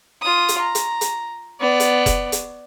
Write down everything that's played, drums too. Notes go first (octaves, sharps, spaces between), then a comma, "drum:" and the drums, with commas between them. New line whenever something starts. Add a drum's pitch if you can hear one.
F4 D#6
drum: hi-hat
A#5
drum: hi-hat
drum: hi-hat
B3 D5
drum: hi-hat
drum: kick F1, hi-hat
drum: hi-hat